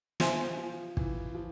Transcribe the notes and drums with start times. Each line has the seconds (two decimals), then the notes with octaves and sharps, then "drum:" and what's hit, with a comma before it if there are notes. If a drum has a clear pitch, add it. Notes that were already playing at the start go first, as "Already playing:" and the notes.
0.20 F3 F4 G#4 C5 E5 G#5, drum: snare
0.58 F3
0.97 E3, drum: kick
1.34 F3